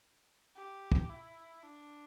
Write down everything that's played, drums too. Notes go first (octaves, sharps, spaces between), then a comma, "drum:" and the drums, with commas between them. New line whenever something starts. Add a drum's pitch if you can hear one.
G4
drum: kick
E4
D4